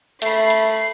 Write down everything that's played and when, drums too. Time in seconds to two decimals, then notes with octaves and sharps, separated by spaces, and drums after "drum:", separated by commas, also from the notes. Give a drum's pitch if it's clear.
0.22 A3 B5 C7, drum: hi-hat
0.50 drum: hi-hat